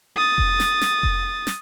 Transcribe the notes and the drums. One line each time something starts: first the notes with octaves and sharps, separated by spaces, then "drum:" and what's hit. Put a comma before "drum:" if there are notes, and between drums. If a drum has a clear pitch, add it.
D#6 A6
drum: kick F1
drum: snare
drum: snare
drum: kick F1
drum: snare